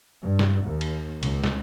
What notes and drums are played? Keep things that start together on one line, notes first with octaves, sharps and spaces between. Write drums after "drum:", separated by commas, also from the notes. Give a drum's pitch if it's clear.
G2
drum: snare
D#2
drum: cymbal
C#2, drum: cymbal
drum: snare